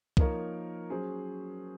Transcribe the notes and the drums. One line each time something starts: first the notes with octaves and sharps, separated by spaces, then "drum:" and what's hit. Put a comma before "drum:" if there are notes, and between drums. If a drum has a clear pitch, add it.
F3 A#3 D#4 A#4 C#5, drum: kick C2
F#3 C#4 G#4 C5